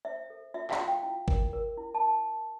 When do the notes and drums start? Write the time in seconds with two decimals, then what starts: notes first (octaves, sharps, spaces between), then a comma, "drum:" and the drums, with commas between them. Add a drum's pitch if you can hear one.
0.05 C5 E5
0.30 A4
0.54 F4 E5
0.71 F5, drum: clap
0.79 F4
0.87 G5
1.03 E4
1.28 A#4, drum: kick G#1
1.53 A#4
1.78 E4
1.95 A5